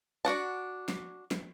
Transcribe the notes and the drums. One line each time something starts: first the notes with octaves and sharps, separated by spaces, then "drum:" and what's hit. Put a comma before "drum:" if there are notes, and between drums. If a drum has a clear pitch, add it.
D4 F#4 F#5 A5
drum: snare
drum: snare